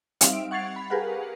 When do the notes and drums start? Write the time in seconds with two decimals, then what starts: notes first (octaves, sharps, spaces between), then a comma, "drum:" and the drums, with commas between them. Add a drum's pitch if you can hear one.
0.21 G3 C4 D#4 E5 F5, drum: hi-hat
0.33 D7
0.51 F#5 C#6 G#6 A6 C7 F7
0.76 B5
0.90 G4 G#4 A#4 B4 F5 F#5